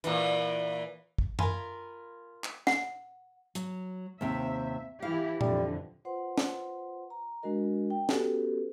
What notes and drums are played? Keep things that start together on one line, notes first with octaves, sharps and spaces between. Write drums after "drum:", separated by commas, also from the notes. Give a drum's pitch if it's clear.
A#2 E3, drum: hi-hat
drum: kick
F4 A#4 G#5 B5, drum: tom F#2
drum: clap
F#5, drum: snare
F#3, drum: hi-hat
D#2 C3 C4 E5
E3 E4 G4 F5
F2 D3 E3 G3, drum: tom A#2
F4 B4 C5 F#5 C6
drum: snare
A#5
G#3 D4 F#4 A#4 D#5
G5
B3 C#4 F#4 G4 A4 B4, drum: snare